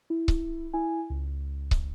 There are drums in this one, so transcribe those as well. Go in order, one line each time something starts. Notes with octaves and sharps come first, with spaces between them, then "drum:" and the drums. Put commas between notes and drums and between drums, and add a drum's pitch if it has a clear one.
E4
drum: kick C#1
E4 G#5
C#2
drum: kick C#1